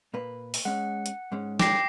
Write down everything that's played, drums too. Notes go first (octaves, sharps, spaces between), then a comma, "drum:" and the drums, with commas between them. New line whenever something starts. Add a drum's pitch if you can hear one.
A#2 A#3 B4
drum: open hi-hat
G#3 C#4 F#5
drum: hi-hat
G#2 G#3 C#4
G5 D6 A#6 C7, drum: snare